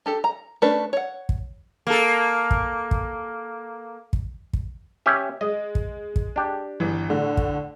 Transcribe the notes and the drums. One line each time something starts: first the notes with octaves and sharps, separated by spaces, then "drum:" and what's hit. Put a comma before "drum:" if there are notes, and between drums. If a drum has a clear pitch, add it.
D4 G4 A4
A#5
A3 C#4 D4 B4
C#5 F#5
drum: kick
A#3 A4
drum: kick
drum: kick
drum: kick
drum: kick
C#4 G4 E5
G#3 D#5
drum: kick
drum: kick
D4 G4
G1 E3
A2 D3
drum: kick